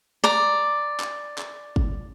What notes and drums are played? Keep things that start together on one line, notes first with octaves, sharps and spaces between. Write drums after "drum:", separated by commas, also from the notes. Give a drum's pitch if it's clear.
D5 A#5
drum: clap
drum: clap
drum: kick